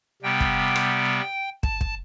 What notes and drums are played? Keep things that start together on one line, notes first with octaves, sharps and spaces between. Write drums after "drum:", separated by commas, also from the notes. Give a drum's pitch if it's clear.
C3 G3 B3 G5
drum: kick
drum: rim click
A5, drum: kick
drum: kick